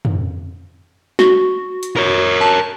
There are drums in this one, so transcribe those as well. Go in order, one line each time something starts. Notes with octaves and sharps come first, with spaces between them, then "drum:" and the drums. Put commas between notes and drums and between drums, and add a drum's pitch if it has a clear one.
drum: tom
F#4, drum: snare
drum: hi-hat
A#4 C#5
A5